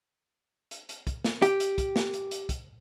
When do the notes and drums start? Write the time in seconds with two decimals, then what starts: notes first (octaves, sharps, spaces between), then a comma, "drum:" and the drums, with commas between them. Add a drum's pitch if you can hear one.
0.71 drum: hi-hat
0.89 drum: hi-hat
1.07 drum: kick, hi-hat
1.25 drum: snare
1.42 G4, drum: hi-hat
1.60 drum: hi-hat
1.78 drum: kick, hi-hat
1.96 drum: snare
2.13 drum: hi-hat
2.31 drum: hi-hat
2.49 drum: kick, hi-hat